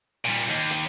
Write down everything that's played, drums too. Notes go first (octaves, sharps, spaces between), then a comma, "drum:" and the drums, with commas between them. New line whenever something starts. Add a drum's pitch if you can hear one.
A#2 G3
D#2
drum: hi-hat